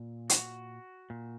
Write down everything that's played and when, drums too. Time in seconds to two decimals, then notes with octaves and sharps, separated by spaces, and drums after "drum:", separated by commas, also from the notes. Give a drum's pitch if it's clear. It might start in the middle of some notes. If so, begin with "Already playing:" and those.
Already playing: A#2
0.30 F#4, drum: hi-hat
1.10 A#2